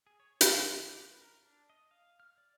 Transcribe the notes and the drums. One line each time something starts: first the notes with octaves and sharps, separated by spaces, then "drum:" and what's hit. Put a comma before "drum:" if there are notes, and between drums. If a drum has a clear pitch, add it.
G#4
C#5
G#3, drum: hi-hat
D5
B4
A#4
D4
D#5
F5
F6
D5